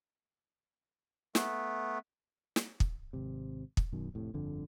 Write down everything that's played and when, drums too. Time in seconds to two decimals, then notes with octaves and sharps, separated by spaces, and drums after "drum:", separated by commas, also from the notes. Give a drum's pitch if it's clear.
1.35 A3 B3, drum: snare
2.56 drum: snare
2.80 drum: kick
3.13 G#1 C3
3.77 drum: kick
3.92 F#2 B2 D#3
4.14 F1 A2 C3
4.34 G1 F2 D3